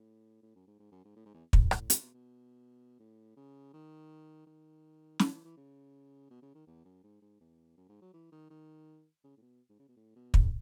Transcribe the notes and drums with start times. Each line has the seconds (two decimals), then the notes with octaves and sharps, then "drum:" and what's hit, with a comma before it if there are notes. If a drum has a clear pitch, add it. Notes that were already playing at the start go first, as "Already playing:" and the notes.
Already playing: A2
0.43 A2
0.55 F#2
0.67 G#2
0.79 G#2
0.92 F#2
1.05 G#2
1.16 A2
1.26 G#2
1.34 E2
1.53 G#2, drum: kick
1.71 A2, drum: rim click
1.90 C#3, drum: hi-hat
2.02 B2
2.14 B2
2.99 A2
3.36 C#3
3.73 D#3
4.46 D#3
5.19 E3, drum: snare
5.32 E3
5.44 E3
5.57 C#3
6.30 B2
6.42 C#3
6.55 D#3
6.67 E2
6.85 F#2
7.03 G#2
7.22 G#2
7.41 E2
7.77 F#2
7.89 G#2
8.01 F#3
8.14 E3
8.32 D#3
8.50 D#3
9.24 C#3
9.37 A2
9.42 B2
9.70 G#2
9.79 C#3
9.88 B2
9.97 A2
10.16 B2
10.34 C#3, drum: kick